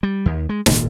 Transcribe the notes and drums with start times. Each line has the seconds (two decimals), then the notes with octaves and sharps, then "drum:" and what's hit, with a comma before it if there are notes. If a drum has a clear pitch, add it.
0.03 G3
0.26 D#2
0.49 G#3
0.66 D#1 G#1 A#2, drum: snare